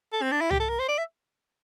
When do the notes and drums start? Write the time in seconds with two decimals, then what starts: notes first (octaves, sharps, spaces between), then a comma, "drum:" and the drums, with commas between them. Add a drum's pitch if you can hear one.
0.12 A4
0.22 C4
0.32 D4
0.41 E4
0.51 G4, drum: tom C2
0.60 A4
0.69 A#4
0.79 C5
0.89 D5
0.98 E5